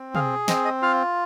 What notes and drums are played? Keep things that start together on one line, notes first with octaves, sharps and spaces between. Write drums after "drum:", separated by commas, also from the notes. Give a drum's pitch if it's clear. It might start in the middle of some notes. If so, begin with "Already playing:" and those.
Already playing: C4
G#4 F5, drum: tom
C4 D#5, drum: snare
D#5
F4 F5